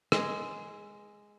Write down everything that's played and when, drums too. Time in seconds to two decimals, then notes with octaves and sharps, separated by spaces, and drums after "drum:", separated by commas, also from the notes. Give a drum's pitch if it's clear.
0.12 G#3, drum: rim click